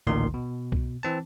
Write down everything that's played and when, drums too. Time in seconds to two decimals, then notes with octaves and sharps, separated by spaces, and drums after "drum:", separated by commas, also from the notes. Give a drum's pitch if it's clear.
0.07 A1 D2 A#2 D#3 C6
0.34 B2
0.72 drum: kick C2
1.03 E3 C4 A5